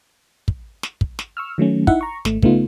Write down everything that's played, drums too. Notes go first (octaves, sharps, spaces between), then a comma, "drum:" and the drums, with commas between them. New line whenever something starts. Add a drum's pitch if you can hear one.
drum: kick
drum: snare
drum: kick
drum: snare
C#6 E6 F6
D#3 F#3 A3 C#4
D#4 E4 E5 F#5, drum: kick
A#5 C#6
G#1 A3, drum: snare
C#3 A3 B3 D#4 F4, drum: kick